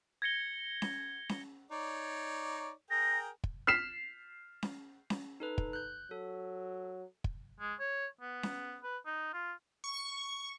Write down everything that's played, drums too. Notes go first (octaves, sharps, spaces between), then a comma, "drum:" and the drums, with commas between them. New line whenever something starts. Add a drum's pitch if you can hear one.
G#6 A#6 C#7 G7
drum: snare C#4
drum: snare C#4
D#4 C#5 D5
G#4 A#4 G5 A#6
drum: kick
F6 B6 C7 E7
drum: snare C#4
drum: snare C#4
D#4 A4 B4
drum: kick
F#6 G6
F#3 A4
drum: kick
G#3
C#5
B3
drum: snare C#4
B4
D#4
F4
C#6